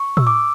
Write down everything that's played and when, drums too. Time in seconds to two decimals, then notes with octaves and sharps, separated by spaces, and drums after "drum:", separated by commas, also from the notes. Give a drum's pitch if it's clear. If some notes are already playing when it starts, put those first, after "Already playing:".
Already playing: C#6
0.17 E6, drum: tom
0.27 D6